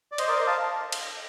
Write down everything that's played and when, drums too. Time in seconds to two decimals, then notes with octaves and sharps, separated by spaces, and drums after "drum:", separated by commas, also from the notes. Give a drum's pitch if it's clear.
0.12 D5
0.18 C5 D#5, drum: cymbal
0.28 A#4 D5
0.37 C5 D#5
0.47 F5 A5
0.92 drum: cymbal